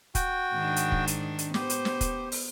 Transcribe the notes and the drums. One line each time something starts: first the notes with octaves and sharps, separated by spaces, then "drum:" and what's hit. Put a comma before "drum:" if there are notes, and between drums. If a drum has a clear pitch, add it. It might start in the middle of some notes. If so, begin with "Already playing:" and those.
F#4 G5, drum: kick, hi-hat
G#2 D#3 D4
drum: hi-hat
drum: kick
drum: hi-hat
drum: hi-hat
B3 G4 C5, drum: snare
drum: hi-hat
drum: snare
drum: kick, hi-hat
drum: open hi-hat